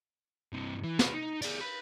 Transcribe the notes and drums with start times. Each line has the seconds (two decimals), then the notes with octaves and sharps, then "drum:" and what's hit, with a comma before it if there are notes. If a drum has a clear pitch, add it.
0.53 G2 C3
0.84 E3
0.99 G#4 B4, drum: snare
1.14 D#4
1.42 G#4 D5, drum: cymbal
1.61 B4